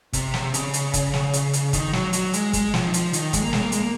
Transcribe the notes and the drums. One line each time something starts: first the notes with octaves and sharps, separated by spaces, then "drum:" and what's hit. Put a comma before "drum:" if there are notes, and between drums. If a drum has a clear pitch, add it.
C3, drum: kick, hi-hat
drum: snare
C#3, drum: hi-hat
drum: hi-hat
drum: kick, hi-hat
drum: snare
drum: hi-hat
drum: hi-hat
D#3, drum: kick, hi-hat
F#3, drum: snare
F#3, drum: hi-hat
G#3, drum: hi-hat
G#3, drum: kick, hi-hat
F3, drum: snare
D#3
F3, drum: hi-hat
D#3, drum: hi-hat
G#3, drum: kick, hi-hat
A#3
G#3, drum: snare
A#3
G#3, drum: hi-hat
A#3